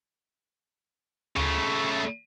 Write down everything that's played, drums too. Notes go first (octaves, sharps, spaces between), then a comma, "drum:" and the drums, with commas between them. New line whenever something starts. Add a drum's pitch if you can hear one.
C#3 A3, drum: tom D2